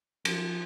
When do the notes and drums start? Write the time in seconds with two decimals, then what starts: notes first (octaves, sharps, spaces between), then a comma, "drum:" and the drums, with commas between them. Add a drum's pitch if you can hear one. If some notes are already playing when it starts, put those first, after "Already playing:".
0.25 F3, drum: cymbal